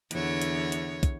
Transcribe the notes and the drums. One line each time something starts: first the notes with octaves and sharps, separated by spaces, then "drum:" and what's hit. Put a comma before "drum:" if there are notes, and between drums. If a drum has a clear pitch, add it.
E2 D3 C#5, drum: hi-hat
drum: hi-hat
drum: hi-hat
drum: kick, hi-hat